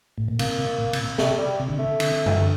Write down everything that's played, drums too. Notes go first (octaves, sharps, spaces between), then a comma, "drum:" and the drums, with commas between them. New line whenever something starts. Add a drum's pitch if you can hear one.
A2
A#2
C3 A#3, drum: cymbal
C3
A#2
C3, drum: cymbal
A#2
C3 A3, drum: snare
G3
C3
D3
C3 A3
D3, drum: cymbal
drum: tom F2
D3